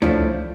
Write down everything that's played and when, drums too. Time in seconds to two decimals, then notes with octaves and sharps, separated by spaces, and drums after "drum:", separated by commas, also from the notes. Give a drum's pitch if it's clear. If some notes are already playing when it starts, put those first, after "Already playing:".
0.02 A2 F3 A3 D4, drum: tom C#2